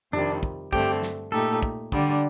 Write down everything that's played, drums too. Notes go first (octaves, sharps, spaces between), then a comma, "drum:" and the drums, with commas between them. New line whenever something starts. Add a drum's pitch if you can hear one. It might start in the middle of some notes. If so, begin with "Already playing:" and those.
F2 C3 D#3 G3 D4
drum: kick
G2 D3 A3 C4 G4, drum: kick
drum: snare
A#2 A3 D#4 G4 A4
drum: kick
D3 G3 D4, drum: kick